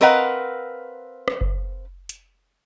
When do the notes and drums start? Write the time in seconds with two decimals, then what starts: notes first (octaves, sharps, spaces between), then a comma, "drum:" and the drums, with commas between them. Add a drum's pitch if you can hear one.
0.01 C4 A#4 B4 D#5 F5 F#5
1.28 drum: rim click
1.41 drum: kick F#1
2.09 drum: hi-hat